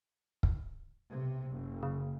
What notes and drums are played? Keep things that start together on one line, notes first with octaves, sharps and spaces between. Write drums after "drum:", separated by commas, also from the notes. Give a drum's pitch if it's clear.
drum: kick
B1 C3
F#1
C#3